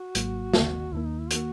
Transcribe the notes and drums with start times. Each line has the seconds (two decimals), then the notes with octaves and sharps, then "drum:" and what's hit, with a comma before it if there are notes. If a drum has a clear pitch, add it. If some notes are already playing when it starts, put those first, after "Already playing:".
Already playing: F#4
0.15 G#1 G#2 F#3 A#3, drum: hi-hat
0.53 D#2 D#3 A#3, drum: snare
0.92 D#2 D#3 A#3 E4
1.05 D#4
1.19 E4
1.31 D#3 A#3 F#4, drum: hi-hat